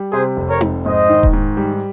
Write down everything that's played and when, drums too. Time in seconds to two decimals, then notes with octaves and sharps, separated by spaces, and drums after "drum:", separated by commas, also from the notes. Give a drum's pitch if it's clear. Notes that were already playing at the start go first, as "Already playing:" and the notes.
Already playing: G3
0.12 C3 G#4 C5
0.37 F1
0.49 A#4 C#5
0.61 F2, drum: tom D#4
0.85 G#2 C5 D#5
1.09 D#3
1.23 drum: kick D#1
1.33 G#2
1.57 G3